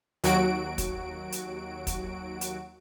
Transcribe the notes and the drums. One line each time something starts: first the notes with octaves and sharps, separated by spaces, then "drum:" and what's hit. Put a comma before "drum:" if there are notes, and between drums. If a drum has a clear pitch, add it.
D#2 F#3 F#4 D7, drum: hi-hat
drum: kick, hi-hat
drum: hi-hat
drum: kick, hi-hat
drum: hi-hat